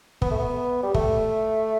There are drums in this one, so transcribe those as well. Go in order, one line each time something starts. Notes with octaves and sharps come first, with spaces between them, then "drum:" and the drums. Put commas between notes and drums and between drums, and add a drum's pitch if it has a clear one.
B3, drum: kick
A3
B3
G3
A3, drum: kick